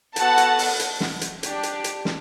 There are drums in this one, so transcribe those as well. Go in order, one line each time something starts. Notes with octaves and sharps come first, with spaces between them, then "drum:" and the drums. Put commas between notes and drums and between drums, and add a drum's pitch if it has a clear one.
B3 F#4 A4 F#5 A5, drum: hi-hat
drum: hi-hat
drum: open hi-hat
drum: hi-hat
drum: snare
drum: hi-hat
D4 G4, drum: hi-hat
drum: hi-hat
drum: hi-hat
drum: snare